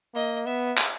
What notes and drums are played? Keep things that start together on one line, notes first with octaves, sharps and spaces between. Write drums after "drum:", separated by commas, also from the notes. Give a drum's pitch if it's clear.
A#3 D#5
B3 E5
drum: clap